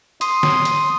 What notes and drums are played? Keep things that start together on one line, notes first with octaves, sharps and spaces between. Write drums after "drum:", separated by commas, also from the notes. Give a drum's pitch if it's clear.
C6 D#6, drum: hi-hat
drum: snare
drum: hi-hat